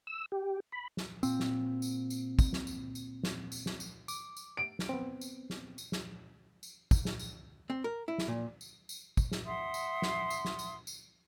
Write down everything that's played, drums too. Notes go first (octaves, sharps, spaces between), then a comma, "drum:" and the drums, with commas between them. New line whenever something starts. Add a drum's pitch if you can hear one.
E6
G4
B5
drum: snare
A#2 C4, drum: tambourine
drum: snare
drum: tambourine
drum: tambourine
drum: kick, tambourine
drum: snare
drum: tambourine
drum: tambourine
drum: snare
drum: tambourine
drum: snare
drum: tambourine
D6, drum: tambourine
drum: tambourine
D7
drum: snare
B3 C4
drum: tambourine
drum: snare
drum: tambourine
drum: snare
drum: tambourine
drum: kick, tambourine
drum: snare
drum: tambourine
C4
A#4
E4
drum: snare
A#2
drum: tambourine
drum: tambourine
drum: kick, tambourine
drum: snare
E5 F#5 C6 D#6
drum: tambourine
drum: snare
drum: tambourine
drum: snare
drum: tambourine
drum: tambourine